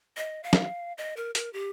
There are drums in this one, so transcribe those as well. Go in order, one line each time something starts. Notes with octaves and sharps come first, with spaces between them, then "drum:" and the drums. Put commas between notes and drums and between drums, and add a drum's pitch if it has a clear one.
D#5
F5
drum: snare
D#5
A#4
A#4, drum: hi-hat
G4